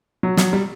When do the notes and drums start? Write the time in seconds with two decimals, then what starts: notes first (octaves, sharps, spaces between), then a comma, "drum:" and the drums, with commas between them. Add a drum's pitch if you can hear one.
0.23 F#3
0.37 F#3, drum: snare
0.53 G3